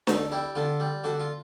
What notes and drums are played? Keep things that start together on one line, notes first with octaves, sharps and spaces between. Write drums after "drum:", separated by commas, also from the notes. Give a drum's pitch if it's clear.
D3 D#4, drum: snare D4
G3 E4
D3 F4
G3
D3 F#4
F4